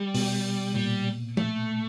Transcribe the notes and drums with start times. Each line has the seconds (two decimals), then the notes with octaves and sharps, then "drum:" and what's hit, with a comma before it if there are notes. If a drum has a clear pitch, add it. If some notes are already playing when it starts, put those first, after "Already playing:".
Already playing: G3
0.14 B2, drum: open hi-hat
0.75 A#2 G3
1.37 A3, drum: tom